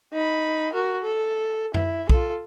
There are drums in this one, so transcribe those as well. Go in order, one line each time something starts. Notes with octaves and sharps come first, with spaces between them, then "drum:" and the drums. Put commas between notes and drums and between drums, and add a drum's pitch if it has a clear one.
D#4 B5
F#4 A#4
A4
E4, drum: tom F#2
F4 A4, drum: kick